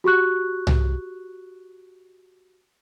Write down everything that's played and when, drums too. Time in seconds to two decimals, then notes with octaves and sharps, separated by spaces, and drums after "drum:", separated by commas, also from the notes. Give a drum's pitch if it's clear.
0.04 F#4 G4 C#6 F#6
0.67 drum: tom C2